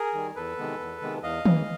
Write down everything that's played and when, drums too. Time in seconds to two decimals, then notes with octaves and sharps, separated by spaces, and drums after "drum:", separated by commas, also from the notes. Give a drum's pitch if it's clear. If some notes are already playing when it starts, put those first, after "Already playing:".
Already playing: G#4 A#4
0.14 D#3 G3
0.36 E2 A4 B4
0.58 C3 D#3 G#3 B3
0.80 E2
1.02 C3 D#3 G#3 B3
1.23 E2 D#5 F5
1.46 C#3 E3, drum: tom